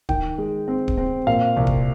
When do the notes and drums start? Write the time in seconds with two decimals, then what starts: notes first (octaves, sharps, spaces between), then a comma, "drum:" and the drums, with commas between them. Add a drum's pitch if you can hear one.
0.09 D#3 G5, drum: kick D1
0.38 G#3
0.68 C4
0.88 drum: kick D1
0.98 C4
1.27 A#2 F5
1.57 C2
1.67 drum: kick D1